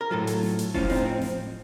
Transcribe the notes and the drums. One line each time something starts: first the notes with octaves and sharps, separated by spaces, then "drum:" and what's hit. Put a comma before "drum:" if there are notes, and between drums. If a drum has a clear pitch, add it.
A#4
A2 F#3 F4 A4
drum: hi-hat
drum: snare
drum: hi-hat
A2 F3 C#4 F4, drum: kick F1
C4 D#4, drum: snare
C4
drum: snare